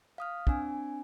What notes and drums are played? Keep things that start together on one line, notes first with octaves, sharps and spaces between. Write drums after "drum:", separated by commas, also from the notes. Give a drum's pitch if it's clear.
F5 D#6 F6
C4 D4 G#5, drum: kick